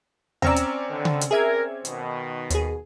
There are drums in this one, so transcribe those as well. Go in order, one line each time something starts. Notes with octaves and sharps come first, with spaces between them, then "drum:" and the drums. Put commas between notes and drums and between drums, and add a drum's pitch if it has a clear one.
C4 C#4 D5 A#5 E6, drum: tom D#2
drum: hi-hat
D3 D#3
drum: tom C#3
drum: hi-hat
G#4 A#4 E5 G#6
B2 D#3, drum: hi-hat
D#2 G#4, drum: hi-hat